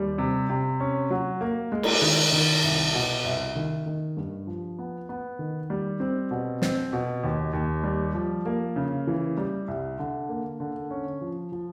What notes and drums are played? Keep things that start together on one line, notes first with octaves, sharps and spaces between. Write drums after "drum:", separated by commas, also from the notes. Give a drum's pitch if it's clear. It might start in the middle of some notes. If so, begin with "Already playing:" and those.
Already playing: D#2 G3
C3
C3
C#4
F#3
A#3
G#3
drum: cymbal
D#3
D#3
C2
B2
C2
D#3
D#3
G2
F3
B3
B3
D#3
G3
C4
B2
C4, drum: snare
B2
D#2
D#2
G3
F3
A#3
C#3
E3
G3
C2
D3
A#3
D3
C#4
F3
F3